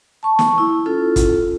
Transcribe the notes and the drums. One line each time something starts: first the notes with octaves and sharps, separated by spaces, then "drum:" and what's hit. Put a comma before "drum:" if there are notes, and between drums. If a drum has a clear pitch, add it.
A5 C#6
drum: snare
E4
C#4 F4 A4
drum: kick, hi-hat